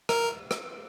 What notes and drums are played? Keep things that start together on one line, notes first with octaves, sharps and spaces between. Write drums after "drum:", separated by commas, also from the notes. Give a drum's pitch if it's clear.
A#4, drum: rim click
drum: rim click